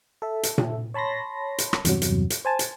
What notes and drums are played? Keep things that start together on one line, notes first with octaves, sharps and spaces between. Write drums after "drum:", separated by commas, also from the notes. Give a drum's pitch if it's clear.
A4 E5
drum: hi-hat
drum: tom A#2
C#5 A5 B5 C6 A#6
drum: hi-hat
drum: rim click
E2 G2 C3 F#3, drum: hi-hat
drum: hi-hat
drum: hi-hat
C5 G#5 A5
drum: hi-hat